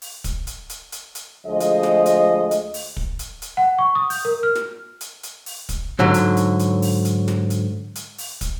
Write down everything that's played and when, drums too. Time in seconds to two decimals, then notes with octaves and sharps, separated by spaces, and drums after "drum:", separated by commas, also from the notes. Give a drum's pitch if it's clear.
0.02 drum: open hi-hat
0.24 drum: kick, hi-hat
0.47 drum: hi-hat
0.70 drum: hi-hat
0.92 drum: hi-hat
1.15 drum: hi-hat
1.46 D2 F3 G#3 D#5
1.60 drum: hi-hat
1.83 drum: snare
2.06 drum: hi-hat
2.51 drum: hi-hat
2.74 drum: open hi-hat
2.97 drum: kick
3.19 drum: hi-hat
3.42 drum: hi-hat
3.57 F#5
3.79 C#6
3.95 D#6
4.10 G6, drum: open hi-hat
4.25 A#4
4.43 F6
4.55 drum: snare
5.01 drum: hi-hat
5.23 drum: hi-hat
5.46 drum: open hi-hat
5.69 drum: kick, hi-hat
5.99 G#2 D3 F#3
6.14 drum: hi-hat
6.37 drum: hi-hat
6.60 drum: hi-hat
6.82 drum: open hi-hat
7.05 drum: hi-hat
7.28 drum: snare
7.50 drum: hi-hat
7.96 drum: hi-hat
8.18 drum: open hi-hat
8.41 drum: kick, hi-hat